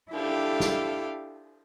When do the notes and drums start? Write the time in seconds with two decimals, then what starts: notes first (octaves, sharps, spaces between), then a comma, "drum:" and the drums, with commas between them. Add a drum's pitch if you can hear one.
0.12 D4 E4 G4 A4 F5 G5, drum: cymbal
0.60 drum: snare